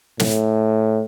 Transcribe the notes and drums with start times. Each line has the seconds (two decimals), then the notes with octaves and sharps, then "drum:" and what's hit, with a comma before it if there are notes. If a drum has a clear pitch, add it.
0.20 A2, drum: snare